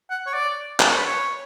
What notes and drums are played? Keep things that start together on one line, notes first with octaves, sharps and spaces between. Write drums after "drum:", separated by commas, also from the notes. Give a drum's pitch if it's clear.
F#5
C#5
D5
D5, drum: clap
C#5
B4
C#5